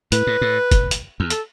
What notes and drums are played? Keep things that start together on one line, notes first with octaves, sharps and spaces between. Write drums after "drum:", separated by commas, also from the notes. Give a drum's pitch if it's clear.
A2 B4, drum: hi-hat
A2
A2
drum: kick, hi-hat
drum: hi-hat
E2
A4, drum: hi-hat